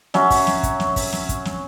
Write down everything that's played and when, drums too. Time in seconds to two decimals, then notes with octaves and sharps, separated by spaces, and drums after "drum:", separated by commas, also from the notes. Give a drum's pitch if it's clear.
0.14 F#3 C#4 E5, drum: snare
0.30 drum: kick, open hi-hat
0.47 drum: snare
0.63 drum: kick, hi-hat
0.80 drum: snare
0.96 drum: kick, open hi-hat
1.13 drum: snare
1.29 drum: kick, hi-hat
1.45 drum: snare